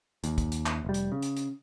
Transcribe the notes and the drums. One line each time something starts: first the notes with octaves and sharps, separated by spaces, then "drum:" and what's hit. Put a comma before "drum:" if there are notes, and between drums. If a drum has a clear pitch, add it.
D#2, drum: hi-hat
drum: kick, hi-hat
drum: hi-hat
drum: clap
F1 G3
drum: hi-hat
C#3
drum: hi-hat
drum: hi-hat